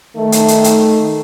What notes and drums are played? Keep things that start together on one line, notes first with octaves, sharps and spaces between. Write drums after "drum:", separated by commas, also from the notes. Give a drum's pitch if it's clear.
D#3 A3
drum: hi-hat
drum: hi-hat
drum: hi-hat